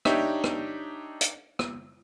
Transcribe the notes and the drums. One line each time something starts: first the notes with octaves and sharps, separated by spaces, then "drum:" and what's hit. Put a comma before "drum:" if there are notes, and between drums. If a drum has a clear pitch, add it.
D4 D#4 G4 C#5 E5, drum: rim click
drum: rim click
drum: hi-hat
drum: rim click